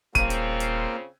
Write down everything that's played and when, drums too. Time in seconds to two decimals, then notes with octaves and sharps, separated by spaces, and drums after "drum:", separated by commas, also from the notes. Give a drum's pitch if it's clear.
0.15 D#1 C#3 A#3 C4 F4 D#7, drum: kick G1, hi-hat
0.30 drum: hi-hat
0.60 drum: hi-hat